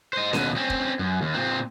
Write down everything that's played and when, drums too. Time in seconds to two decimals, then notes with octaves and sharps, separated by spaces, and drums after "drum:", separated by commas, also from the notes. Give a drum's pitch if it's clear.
0.13 C5 D#5
0.33 D#2 B2, drum: snare C#4
0.56 C4 C#4
0.70 drum: kick
0.99 F#2
1.22 D#2
1.34 A#2 C4